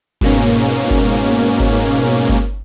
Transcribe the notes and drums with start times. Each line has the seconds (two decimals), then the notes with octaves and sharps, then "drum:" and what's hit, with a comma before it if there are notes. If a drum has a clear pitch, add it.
0.21 G#2 B2 A#3 C#4, drum: kick G1
0.91 drum: kick G1
1.60 drum: kick G1
2.29 drum: kick G1